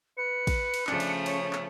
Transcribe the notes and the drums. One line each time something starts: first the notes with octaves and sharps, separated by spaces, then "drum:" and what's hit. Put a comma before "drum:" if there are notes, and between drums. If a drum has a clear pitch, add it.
B4 C#7
drum: kick A1, cymbal
drum: cymbal
C#3 F3 A3 D4, drum: clap
drum: cymbal
C#5, drum: cymbal
drum: clap